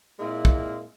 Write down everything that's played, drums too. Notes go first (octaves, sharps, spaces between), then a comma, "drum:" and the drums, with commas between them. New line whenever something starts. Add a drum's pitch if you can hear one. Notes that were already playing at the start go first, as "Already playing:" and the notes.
A#2 G#3 A#3 C4 E4
drum: kick